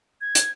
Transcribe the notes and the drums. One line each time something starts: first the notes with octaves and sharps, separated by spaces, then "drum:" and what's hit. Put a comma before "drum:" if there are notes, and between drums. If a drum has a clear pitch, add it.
G#6
drum: hi-hat